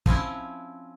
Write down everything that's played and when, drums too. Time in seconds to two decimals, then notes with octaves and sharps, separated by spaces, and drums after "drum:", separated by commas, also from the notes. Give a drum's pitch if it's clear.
0.06 F3 C4 C#4 E4, drum: kick